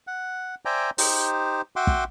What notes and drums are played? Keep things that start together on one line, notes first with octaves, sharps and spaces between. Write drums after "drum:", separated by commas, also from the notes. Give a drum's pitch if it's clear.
F#5
C5 D5 E5 G5 G#5 A#5
D#4 G4 C5, drum: open hi-hat
F#4 E5 F#5 G5 C6 D6
drum: kick